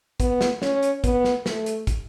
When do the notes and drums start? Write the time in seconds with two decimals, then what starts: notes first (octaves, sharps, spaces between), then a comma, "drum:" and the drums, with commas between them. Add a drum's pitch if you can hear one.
0.20 B3, drum: kick, hi-hat
0.41 drum: snare
0.62 C#4, drum: snare
0.83 drum: hi-hat
1.04 B3, drum: kick, hi-hat
1.24 drum: snare
1.46 A3, drum: snare
1.66 drum: hi-hat
1.87 drum: kick, hi-hat